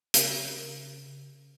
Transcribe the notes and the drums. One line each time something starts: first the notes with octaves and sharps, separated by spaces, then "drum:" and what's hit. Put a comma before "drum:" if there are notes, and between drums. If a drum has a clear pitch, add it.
C#3 A#4 D7, drum: hi-hat